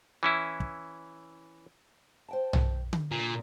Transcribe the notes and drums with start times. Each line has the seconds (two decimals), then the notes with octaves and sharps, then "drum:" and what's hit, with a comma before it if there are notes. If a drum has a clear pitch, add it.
0.23 E3 C#4 E4
0.60 drum: kick
2.29 C5 G5 A5
2.53 drum: tom B1
2.93 drum: tom D3
3.11 A#2 D3 A#5